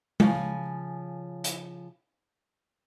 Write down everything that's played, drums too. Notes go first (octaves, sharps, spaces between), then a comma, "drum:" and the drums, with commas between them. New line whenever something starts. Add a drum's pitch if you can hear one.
C#3 F3 G#5, drum: tom G#3
drum: hi-hat